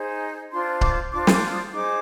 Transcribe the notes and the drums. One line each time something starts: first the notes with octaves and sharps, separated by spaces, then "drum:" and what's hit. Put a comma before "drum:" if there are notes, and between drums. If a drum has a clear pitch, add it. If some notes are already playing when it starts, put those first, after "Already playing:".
Already playing: D#4 G#4 C5
D4 F4 C5 C6
D6, drum: kick C#1
D4 F4 C5 D6
C6, drum: snare
D6
D#6
D#4 G#4 C5 D6